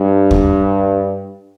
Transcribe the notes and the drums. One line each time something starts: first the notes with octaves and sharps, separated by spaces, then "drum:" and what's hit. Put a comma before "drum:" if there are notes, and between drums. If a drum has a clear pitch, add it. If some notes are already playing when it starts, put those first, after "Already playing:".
Already playing: G2
drum: kick